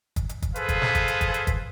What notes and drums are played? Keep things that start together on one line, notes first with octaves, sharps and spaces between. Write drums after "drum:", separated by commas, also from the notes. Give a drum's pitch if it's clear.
drum: kick, hi-hat
drum: hi-hat
drum: kick, hi-hat
G#4 A4 B4 C5 F5, drum: hi-hat
drum: kick, hi-hat
drum: snare
drum: kick, hi-hat
drum: hi-hat
drum: kick, hi-hat
drum: hi-hat
drum: kick, hi-hat